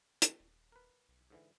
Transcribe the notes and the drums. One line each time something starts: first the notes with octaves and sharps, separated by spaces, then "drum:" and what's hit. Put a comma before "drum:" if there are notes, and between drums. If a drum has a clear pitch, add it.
E3, drum: hi-hat
D#1
A#4 B4
B1
G#2 D3 E3